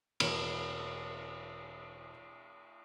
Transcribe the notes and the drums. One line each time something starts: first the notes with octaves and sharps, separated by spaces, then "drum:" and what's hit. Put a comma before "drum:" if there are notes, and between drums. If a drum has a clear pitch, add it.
E1 A#3 A#4 C#5 C#7, drum: cymbal